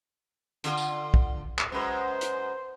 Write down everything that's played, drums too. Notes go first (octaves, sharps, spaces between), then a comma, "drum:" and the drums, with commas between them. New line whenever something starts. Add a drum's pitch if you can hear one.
D3 F4, drum: hi-hat
drum: tambourine
drum: kick
drum: clap
F#2 G#3 B4 C5
drum: hi-hat